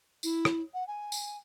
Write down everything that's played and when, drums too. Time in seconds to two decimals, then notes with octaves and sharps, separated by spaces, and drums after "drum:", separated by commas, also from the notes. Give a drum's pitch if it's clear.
0.23 E4, drum: tambourine
0.45 drum: rim click
0.73 F#5
0.87 G#5
1.12 drum: tambourine